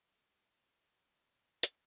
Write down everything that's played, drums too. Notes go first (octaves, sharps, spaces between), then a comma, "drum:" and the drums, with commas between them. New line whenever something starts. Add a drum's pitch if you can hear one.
A#3
G#3
G3
E3
drum: hi-hat